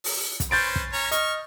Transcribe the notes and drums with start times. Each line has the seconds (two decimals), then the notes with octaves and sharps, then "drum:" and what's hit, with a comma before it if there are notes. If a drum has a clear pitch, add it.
0.04 drum: open hi-hat
0.40 drum: kick, hi-hat
0.51 C#4 B4 C5 G6 A6 D7
0.76 drum: kick
0.93 C#4 C#5 A#5
1.11 D#5 C#6 F6, drum: hi-hat